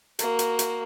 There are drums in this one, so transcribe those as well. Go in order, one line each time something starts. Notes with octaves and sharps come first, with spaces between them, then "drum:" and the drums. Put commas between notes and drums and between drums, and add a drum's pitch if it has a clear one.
A#3 F#4, drum: hi-hat
drum: hi-hat
drum: hi-hat